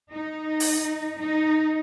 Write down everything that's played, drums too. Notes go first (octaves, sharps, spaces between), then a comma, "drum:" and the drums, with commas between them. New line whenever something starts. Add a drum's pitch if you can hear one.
D#4
drum: open hi-hat
D#4